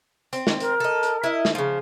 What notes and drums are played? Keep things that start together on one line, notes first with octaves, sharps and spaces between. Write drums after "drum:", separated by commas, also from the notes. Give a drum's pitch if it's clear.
C4, drum: hi-hat
drum: snare
A#4, drum: hi-hat
A4 D#5
drum: hi-hat
E4 D#5
drum: snare
C#3 F3